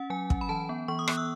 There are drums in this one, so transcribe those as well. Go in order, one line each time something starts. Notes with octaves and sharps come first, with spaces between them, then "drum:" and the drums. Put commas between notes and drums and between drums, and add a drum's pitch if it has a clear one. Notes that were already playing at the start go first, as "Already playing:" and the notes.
Already playing: C#4 F#5
F#3 G#5
C#4, drum: kick
B5
E3 A5
B3
E3 C#6
D#6
B3 F#6, drum: rim click
E6